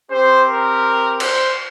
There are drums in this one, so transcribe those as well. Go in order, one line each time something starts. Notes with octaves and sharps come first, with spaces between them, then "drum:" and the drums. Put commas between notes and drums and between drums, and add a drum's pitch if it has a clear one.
C4 G4 C5
A#4
C5, drum: cymbal